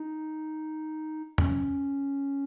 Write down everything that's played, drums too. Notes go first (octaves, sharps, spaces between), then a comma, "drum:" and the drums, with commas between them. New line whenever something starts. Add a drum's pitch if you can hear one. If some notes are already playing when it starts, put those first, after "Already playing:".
Already playing: D#4
C#4, drum: tom E2